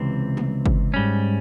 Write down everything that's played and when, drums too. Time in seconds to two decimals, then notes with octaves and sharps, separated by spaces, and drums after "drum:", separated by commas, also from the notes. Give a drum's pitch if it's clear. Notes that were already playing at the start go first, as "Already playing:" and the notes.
Already playing: C#2 C3 E3 C4
0.37 drum: tom
0.66 drum: kick G1
0.94 G#2 G3 C#4